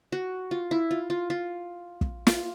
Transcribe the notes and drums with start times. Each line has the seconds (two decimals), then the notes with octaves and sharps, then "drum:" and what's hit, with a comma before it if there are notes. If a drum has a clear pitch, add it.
0.12 F#4
0.51 F4
0.71 E4
0.91 F4
1.10 F4
1.30 F4
2.01 drum: kick
2.27 F4, drum: snare